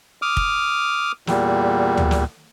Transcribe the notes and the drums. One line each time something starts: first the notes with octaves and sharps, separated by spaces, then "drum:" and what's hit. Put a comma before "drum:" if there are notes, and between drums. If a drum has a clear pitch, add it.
D6 D#6 F6
drum: kick
E2 A#2 G3, drum: snare
drum: tom
drum: snare